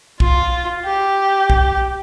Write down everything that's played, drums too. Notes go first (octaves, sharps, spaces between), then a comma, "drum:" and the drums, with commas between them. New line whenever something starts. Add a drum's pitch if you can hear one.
F4, drum: kick
G4
drum: kick